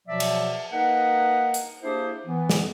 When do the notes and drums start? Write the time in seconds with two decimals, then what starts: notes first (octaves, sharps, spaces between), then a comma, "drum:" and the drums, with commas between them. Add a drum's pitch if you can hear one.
0.08 B2 F3 F#3 D5 E5
0.20 drum: cymbal
0.72 A#3 D#4 A#4 B4 D#5 F#5
1.54 drum: hi-hat
1.83 A#3 D4 E4 G4 G#4 C5
2.26 E3 B3
2.49 drum: snare